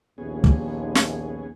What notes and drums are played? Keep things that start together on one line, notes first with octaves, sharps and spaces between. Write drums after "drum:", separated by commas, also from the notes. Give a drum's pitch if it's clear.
A#1 D#2 B3 C#4 G#4
drum: kick
drum: snare